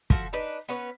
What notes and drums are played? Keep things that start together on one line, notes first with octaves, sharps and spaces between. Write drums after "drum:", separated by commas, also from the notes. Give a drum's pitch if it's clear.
F3 F#4 A4, drum: kick
D4 D#4 B4
B3 C#4 B4 C#5